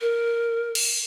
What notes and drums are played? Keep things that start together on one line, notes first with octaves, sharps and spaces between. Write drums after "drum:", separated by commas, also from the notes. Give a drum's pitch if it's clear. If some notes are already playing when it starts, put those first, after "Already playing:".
A#4
drum: cymbal